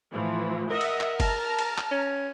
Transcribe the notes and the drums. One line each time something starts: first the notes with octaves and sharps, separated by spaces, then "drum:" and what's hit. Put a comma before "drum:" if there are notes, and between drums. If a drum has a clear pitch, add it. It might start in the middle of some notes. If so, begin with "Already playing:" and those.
A2 E3 F3
A#4 D#5 E5 F#5
drum: cymbal
drum: clap
A5 A#5 F6, drum: kick G1, cymbal
drum: cymbal
drum: clap
C#4